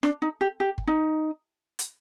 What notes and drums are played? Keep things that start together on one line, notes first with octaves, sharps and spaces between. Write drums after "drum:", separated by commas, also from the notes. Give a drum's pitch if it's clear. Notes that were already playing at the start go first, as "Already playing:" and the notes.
D4, drum: rim click
D#4
G4
G4
drum: kick G1
D#4
drum: hi-hat